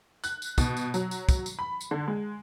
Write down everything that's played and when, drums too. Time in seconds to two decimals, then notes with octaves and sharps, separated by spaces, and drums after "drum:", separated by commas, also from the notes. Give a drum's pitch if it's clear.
0.24 F#6, drum: tambourine
0.42 drum: tambourine
0.58 B2, drum: kick, tambourine
0.77 drum: tambourine
0.94 F#3, drum: tambourine
1.11 drum: tambourine
1.29 drum: kick, tambourine
1.46 drum: tambourine
1.59 B5
1.81 drum: tambourine
1.91 D3
2.08 G#3